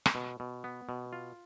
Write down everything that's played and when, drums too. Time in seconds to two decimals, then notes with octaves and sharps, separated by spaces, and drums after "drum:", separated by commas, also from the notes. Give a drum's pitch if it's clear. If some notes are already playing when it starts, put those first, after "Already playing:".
0.06 drum: rim click
0.15 B2
0.40 B2
0.64 B3
0.89 B2
1.13 F4